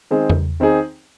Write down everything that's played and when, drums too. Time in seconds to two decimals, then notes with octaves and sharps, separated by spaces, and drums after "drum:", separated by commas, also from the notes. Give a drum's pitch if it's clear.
0.11 D#3 G#3 C4 G#4
0.30 drum: tom E2
0.60 D#3 C4 D#4 G#4